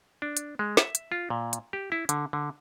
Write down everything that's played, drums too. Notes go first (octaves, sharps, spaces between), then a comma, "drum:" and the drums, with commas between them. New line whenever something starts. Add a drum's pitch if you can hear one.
D4
drum: hi-hat
G#3
E5, drum: snare
drum: hi-hat
F4
A#2
drum: hi-hat
G4
E4
D3, drum: hi-hat
D3